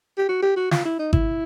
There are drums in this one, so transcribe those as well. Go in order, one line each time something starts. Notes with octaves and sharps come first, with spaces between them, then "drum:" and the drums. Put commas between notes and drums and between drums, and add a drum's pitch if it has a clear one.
G4
F#4
G4
F#4
F4, drum: snare
E4
D#4
E4, drum: kick G#1